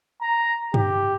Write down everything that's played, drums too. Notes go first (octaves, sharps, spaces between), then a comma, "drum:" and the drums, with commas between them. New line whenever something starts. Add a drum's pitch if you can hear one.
A#5
G4, drum: tom G2